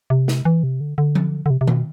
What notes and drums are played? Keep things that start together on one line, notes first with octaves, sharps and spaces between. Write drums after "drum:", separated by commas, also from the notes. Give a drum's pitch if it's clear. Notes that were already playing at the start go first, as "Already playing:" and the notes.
C3
drum: snare
E3
C3
D3
D3
drum: tom F3
D3
C3
C3
B2, drum: tom D#3